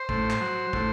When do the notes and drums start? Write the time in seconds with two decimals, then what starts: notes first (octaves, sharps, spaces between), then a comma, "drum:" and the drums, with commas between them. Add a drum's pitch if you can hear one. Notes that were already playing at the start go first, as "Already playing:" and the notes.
Already playing: C5
0.09 A2, drum: kick
0.31 drum: clap
0.41 F#3
0.73 A2, drum: kick